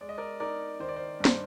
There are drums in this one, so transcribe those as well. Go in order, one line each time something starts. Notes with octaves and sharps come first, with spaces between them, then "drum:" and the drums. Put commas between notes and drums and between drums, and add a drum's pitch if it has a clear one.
G#3 D5
D#5
A#4 D5
D#4 A#4 D5
D#3 C5
D5
C5
G2
C5, drum: snare